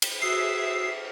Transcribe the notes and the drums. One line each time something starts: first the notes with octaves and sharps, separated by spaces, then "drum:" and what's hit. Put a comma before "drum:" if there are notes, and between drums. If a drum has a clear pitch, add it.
drum: cymbal
F#4 G#4 E5 D#6 E6 C7